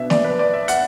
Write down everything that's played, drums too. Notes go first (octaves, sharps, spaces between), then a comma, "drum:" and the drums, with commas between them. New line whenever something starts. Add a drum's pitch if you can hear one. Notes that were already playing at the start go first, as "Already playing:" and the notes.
Already playing: B2 B3 D4 E5
D5, drum: snare
B4
D5
E5
F#5, drum: hi-hat